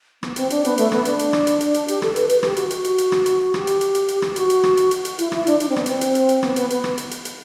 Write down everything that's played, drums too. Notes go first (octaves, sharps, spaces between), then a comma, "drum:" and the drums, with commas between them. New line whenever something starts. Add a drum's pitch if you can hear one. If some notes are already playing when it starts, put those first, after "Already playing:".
B3, drum: rim click
C4, drum: hi-hat
D4, drum: hi-hat
B3, drum: hi-hat
A3, drum: hi-hat
B3, drum: rim click
D4, drum: hi-hat
drum: hi-hat
drum: rim click
drum: hi-hat
drum: hi-hat
drum: hi-hat
G4, drum: hi-hat
A4, drum: rim click
B4, drum: hi-hat
B4, drum: hi-hat
G4, drum: rim click
F#4, drum: hi-hat
F#4, drum: hi-hat
drum: hi-hat
drum: hi-hat
drum: rim click
drum: hi-hat
G4, drum: rim click
drum: hi-hat
drum: hi-hat
drum: hi-hat
drum: hi-hat
drum: rim click
F#4, drum: hi-hat
drum: hi-hat
drum: rim click
drum: hi-hat
drum: hi-hat
drum: hi-hat
E4, drum: hi-hat
E4, drum: rim click
D4, drum: hi-hat
D4, drum: hi-hat
C4
B3, drum: rim click
C4, drum: hi-hat
drum: hi-hat
drum: hi-hat
drum: hi-hat
B3, drum: rim click
B3, drum: hi-hat
B3, drum: hi-hat
drum: rim click
drum: hi-hat
drum: hi-hat
drum: hi-hat